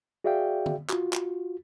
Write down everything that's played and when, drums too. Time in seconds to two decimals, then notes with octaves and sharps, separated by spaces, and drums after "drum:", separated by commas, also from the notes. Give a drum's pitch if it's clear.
0.24 F#4 G#4 D5 E5 F5 G5
0.66 drum: tom
0.89 F4 F#4, drum: clap
1.13 drum: clap